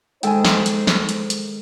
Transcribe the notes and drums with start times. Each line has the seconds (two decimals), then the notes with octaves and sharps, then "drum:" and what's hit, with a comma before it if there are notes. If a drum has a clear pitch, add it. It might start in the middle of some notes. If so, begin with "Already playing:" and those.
0.23 D#3 G#3 D#4 A4 C5 G5 G#5, drum: hi-hat
0.45 drum: snare
0.66 drum: hi-hat
0.87 drum: snare
1.09 drum: hi-hat
1.30 drum: hi-hat